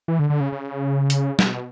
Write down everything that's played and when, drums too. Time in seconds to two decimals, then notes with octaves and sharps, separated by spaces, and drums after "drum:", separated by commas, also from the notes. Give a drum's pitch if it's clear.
0.08 E3
0.19 D3
0.30 D3
0.40 C#3
0.52 C#3
1.10 drum: hi-hat
1.39 B2, drum: snare